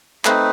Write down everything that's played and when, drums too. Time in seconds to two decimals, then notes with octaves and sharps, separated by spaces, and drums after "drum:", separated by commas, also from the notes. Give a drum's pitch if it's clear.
0.25 A3 C4 D#4 B4, drum: clap